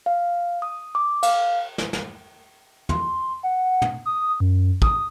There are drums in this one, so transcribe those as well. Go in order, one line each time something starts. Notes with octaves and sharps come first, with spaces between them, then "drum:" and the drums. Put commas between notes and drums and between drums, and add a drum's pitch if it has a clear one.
F5
D#6
D6
F5, drum: cymbal
drum: snare
drum: snare
C6, drum: tom
F#5
drum: tom
D#6
F#2
D#6, drum: kick